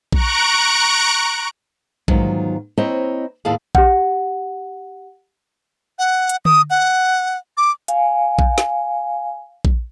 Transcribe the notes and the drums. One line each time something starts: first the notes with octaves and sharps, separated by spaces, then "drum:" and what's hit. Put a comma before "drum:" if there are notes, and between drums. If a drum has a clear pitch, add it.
A#5 C#6 F#6 D7, drum: kick A#1
E2 G#2 D#3 F#3 F4, drum: kick A#1
C4 E4 C5 C#5 D#5 A#5
D#2 A2 A3 E4 G#4 F5
G4 F#5, drum: kick A#1
F#5
drum: hi-hat
D#6, drum: tom D3
F#5
D6
F5 G#5, drum: hi-hat
drum: kick A#1
drum: snare
drum: kick A#1